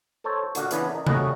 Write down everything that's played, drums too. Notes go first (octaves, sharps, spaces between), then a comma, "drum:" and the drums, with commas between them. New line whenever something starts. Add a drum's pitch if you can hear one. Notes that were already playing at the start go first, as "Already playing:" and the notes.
A4 C5 C#5 A5
A#2 D3 D4 F#4 F5 F#5, drum: hi-hat
C#3 E3 B3 D4, drum: hi-hat
A#4 D#5
G3 A3 C#4 F#4 D#5, drum: tom C3